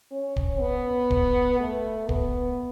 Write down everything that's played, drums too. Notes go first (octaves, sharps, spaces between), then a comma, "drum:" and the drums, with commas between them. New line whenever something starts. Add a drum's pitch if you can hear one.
C#4
drum: kick
B3
drum: kick
A3
B3, drum: kick